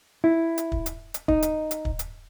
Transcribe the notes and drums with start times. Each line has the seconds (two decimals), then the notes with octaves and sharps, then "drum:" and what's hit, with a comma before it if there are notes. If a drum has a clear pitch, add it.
0.24 E4
0.58 drum: hi-hat
0.72 drum: kick
0.86 drum: hi-hat
1.14 drum: hi-hat
1.28 D#4, drum: kick
1.42 drum: hi-hat
1.71 drum: hi-hat
1.85 drum: kick
1.99 drum: hi-hat